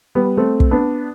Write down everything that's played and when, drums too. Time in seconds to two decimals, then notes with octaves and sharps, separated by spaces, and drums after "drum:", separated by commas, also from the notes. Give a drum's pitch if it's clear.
0.15 G3 B3
0.37 A3 C4
0.60 drum: kick
0.71 B3 D4